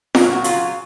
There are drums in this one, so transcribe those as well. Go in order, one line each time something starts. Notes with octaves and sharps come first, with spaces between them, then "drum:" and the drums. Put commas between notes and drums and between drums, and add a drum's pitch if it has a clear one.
A#2 F#3, drum: snare F4
F#4
C#3 F#3 F4, drum: hi-hat